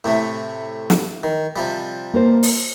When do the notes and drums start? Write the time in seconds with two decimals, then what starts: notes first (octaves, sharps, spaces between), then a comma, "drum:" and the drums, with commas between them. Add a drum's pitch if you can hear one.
0.04 A2 C3 A3
0.90 drum: snare
1.23 D#3
1.56 C3 F3 G3
2.13 A#3 A#4 C5
2.43 drum: open hi-hat